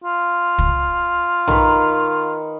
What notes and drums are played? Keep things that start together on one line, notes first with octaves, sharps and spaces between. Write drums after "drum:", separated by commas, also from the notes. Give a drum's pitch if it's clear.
F4
drum: kick
D#3 B4, drum: tom